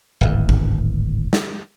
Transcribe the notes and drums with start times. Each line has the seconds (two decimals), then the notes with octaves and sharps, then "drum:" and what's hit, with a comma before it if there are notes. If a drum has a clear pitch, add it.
0.21 D1 G#1 E2
0.49 drum: kick
1.33 drum: snare